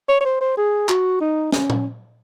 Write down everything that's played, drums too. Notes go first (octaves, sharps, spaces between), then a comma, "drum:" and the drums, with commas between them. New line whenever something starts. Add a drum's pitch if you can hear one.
C#5
C#5
C5
C5
G#4
F#4, drum: clap
D#4
C#4, drum: snare
drum: tom